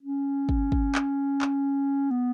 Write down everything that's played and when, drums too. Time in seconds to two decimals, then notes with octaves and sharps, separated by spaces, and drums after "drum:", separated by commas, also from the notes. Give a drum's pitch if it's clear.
0.03 C#4
0.49 drum: kick
0.72 drum: kick
0.95 drum: clap
1.41 drum: clap
2.11 B3